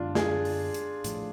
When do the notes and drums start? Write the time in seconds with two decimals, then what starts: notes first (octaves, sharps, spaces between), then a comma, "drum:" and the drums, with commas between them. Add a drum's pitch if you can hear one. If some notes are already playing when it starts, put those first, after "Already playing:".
Already playing: F#2 D3 G#3 B3 D4 F4
0.15 G#4, drum: snare
0.45 drum: open hi-hat
0.74 drum: hi-hat
1.04 A2 F3 A3, drum: hi-hat